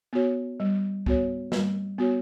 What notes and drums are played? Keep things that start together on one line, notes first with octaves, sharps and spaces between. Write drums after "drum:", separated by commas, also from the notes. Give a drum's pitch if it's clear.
B3 F#4 C#5
G3
B3 F#4 C#5, drum: kick C2
G3, drum: snare
B3 F#4 C#5